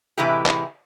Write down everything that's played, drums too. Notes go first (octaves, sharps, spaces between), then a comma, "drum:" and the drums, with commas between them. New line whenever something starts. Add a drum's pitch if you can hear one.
A2 C3 E3 G#3 E4 G4
drum: clap